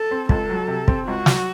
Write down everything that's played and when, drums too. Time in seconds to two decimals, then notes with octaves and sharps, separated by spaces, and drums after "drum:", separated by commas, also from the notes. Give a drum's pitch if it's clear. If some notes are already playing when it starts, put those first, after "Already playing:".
Already playing: A4
0.11 C4
0.29 C#2 A4, drum: kick
0.50 F#3
0.68 C3
0.88 C4, drum: kick
1.07 C#2 F#4
1.26 F#3, drum: snare